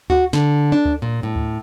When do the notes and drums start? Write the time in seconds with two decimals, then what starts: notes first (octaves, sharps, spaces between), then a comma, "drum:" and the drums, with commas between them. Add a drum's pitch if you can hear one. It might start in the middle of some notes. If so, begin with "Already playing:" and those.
0.10 F#4, drum: kick D2
0.33 D3, drum: snare
0.72 D4
0.85 drum: kick D2
1.02 A#2
1.23 A2
1.36 drum: kick D2